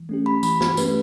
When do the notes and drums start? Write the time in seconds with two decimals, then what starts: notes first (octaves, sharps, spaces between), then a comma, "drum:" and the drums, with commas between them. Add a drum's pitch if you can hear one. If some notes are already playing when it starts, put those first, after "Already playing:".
Already playing: E3
0.09 A3 C#4 G4
0.26 B5
0.43 E3 B5, drum: tambourine
0.61 drum: snare
0.77 A3 C#4 G4 B4, drum: tambourine